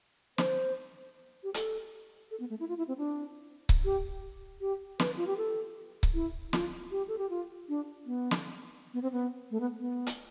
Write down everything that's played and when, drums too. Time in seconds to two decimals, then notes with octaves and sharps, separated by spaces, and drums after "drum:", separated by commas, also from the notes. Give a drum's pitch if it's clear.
0.38 C5, drum: snare
1.44 G4
1.54 A4, drum: hi-hat
2.31 A4
2.40 B3
2.50 A3
2.60 E4
2.69 F4
2.78 E4
2.88 C4
2.98 D4
3.69 drum: kick C#1
3.85 G4
4.61 G4
5.00 B4, drum: snare
5.17 F4
5.27 G4
5.37 A4
6.03 drum: kick C#1
6.14 E4
6.53 F4, drum: snare
6.91 G4
7.08 A4
7.18 G4
7.30 F4
7.69 D4
8.06 B3
8.31 drum: snare
8.94 B3
9.03 C4
9.12 B3
9.51 A3
9.60 B3
9.79 B3
10.07 drum: hi-hat